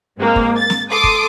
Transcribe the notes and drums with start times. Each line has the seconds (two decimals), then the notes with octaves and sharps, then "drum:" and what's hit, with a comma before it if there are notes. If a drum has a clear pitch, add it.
0.19 G#2 G#3 A#3 C4
0.36 drum: kick
0.56 A6
0.70 drum: snare
0.91 A4 C6 D6 D#6
1.04 drum: kick